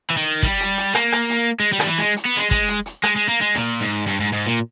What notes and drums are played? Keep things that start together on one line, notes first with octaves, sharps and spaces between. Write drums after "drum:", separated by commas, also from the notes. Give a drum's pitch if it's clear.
E3
D#3
G3, drum: kick
drum: hi-hat
drum: hi-hat
A#3, drum: rim click
drum: rim click
drum: hi-hat
G#3
G3
D#3, drum: rim click
E3
G#3, drum: hi-hat
drum: hi-hat
B3
G#3
G#3, drum: kick, hi-hat
drum: hi-hat
drum: hi-hat
G#3, drum: rim click
G#3
A#3
G#3
A#2, drum: hi-hat
G#2
G2, drum: hi-hat
G#2
G#2
A#2